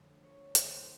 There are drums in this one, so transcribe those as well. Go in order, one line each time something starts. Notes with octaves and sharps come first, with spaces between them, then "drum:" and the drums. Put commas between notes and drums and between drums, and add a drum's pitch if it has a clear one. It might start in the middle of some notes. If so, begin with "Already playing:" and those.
Already playing: F2 D3 F#3 A3
C#5
F2 D3 F#3 A3 C5, drum: hi-hat